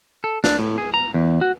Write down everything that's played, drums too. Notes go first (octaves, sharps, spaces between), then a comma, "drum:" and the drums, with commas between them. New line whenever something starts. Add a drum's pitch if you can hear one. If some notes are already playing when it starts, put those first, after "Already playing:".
A4
D4, drum: snare
A2
G#4
A#5
E2
F#4